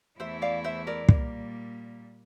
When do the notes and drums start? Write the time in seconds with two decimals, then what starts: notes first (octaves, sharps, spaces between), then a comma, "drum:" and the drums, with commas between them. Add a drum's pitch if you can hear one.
0.19 E2 E3 A3 E4 C5 E5
0.42 D5 F5
0.64 C5 E5
0.87 A#4 D5
1.09 A#2 G3 A#3, drum: kick